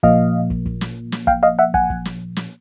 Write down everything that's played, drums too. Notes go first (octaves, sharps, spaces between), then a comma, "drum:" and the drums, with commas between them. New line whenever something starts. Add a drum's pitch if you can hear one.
A#2 F3 A#3 D#5 F5, drum: kick
drum: kick
drum: kick
drum: snare
drum: snare
F5 G5, drum: kick
D#5 F5
E5 F#5
F#5 G#5, drum: kick
drum: kick
drum: snare
drum: snare